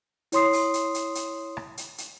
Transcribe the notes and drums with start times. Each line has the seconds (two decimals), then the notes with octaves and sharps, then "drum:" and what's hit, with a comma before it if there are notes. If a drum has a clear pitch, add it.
0.32 E4 C#5 C6 D#6 C7, drum: hi-hat
0.53 drum: open hi-hat
0.74 drum: hi-hat
0.94 drum: hi-hat
1.15 drum: hi-hat
1.57 drum: rim click
1.77 drum: hi-hat
1.98 drum: hi-hat